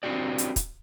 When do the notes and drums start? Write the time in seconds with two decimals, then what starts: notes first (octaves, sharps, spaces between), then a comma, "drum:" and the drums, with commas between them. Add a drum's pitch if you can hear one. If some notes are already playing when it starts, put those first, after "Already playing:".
0.03 C4 D4 E4 F#4 G4 D5
0.38 drum: hi-hat
0.56 drum: kick, hi-hat